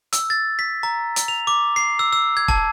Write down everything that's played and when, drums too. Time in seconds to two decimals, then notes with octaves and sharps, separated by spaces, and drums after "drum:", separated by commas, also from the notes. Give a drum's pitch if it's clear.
0.13 E6, drum: hi-hat
0.30 A6
0.59 B6
0.83 A#5
1.16 drum: hi-hat
1.28 F7
1.47 D6
1.76 C7
1.99 E6
2.12 E6
2.37 G#6
2.48 A5, drum: kick E1